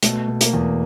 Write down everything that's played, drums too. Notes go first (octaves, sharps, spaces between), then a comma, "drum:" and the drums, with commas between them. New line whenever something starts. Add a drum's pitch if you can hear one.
B2 A3, drum: hi-hat
B2
A#3, drum: hi-hat
E2